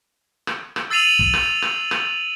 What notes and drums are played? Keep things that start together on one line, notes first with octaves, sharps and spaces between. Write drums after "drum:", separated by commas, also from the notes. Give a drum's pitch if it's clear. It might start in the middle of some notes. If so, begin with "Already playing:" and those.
drum: rim click
drum: rim click
E6 A6 C7 D#7 F7 F#7
drum: kick
drum: rim click
drum: rim click
drum: rim click